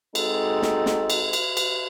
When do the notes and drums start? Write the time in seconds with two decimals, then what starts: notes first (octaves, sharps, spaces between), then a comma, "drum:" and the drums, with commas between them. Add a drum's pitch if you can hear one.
0.15 G#3 C4 D#4 F#4 A4, drum: cymbal
0.62 drum: snare
0.86 drum: snare
1.10 drum: cymbal
1.33 drum: cymbal
1.57 drum: cymbal